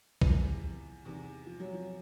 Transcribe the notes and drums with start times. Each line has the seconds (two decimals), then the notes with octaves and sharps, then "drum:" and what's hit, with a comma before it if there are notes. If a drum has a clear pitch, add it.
0.22 E2 C3 E3 F3, drum: kick
1.05 E2 C3 D#3
1.46 F3
1.60 F#3
1.74 F3